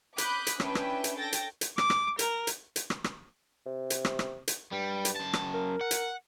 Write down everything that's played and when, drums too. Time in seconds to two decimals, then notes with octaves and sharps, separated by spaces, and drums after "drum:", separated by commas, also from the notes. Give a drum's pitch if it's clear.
0.18 B5 D6 D#6 F#6 G6 B6, drum: hi-hat
0.47 drum: hi-hat
0.60 C#4 D4 E4 B4 G5, drum: rim click
0.75 drum: rim click
1.04 drum: hi-hat
1.18 A4 G5 A6 A#6
1.33 drum: hi-hat
1.61 drum: hi-hat
1.78 D6, drum: rim click
1.90 drum: rim click
2.19 A#4, drum: hi-hat
2.47 drum: hi-hat
2.76 drum: hi-hat
2.90 drum: rim click
3.04 drum: rim click
3.66 C3
3.90 drum: hi-hat
4.05 drum: rim click
4.19 drum: rim click
4.48 drum: hi-hat
4.72 G2 G3
5.05 drum: hi-hat
5.16 F#2 A5
5.33 drum: rim click
5.54 A#4
5.81 F#5
5.91 drum: hi-hat